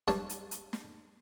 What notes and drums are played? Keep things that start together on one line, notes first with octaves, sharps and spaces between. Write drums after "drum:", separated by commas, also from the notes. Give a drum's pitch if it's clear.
G2 C#5 A5, drum: snare
drum: hi-hat
drum: hi-hat
drum: snare